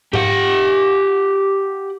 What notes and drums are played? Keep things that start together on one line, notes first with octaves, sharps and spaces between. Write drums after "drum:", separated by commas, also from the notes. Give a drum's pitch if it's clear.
G4 F#5, drum: tom G#2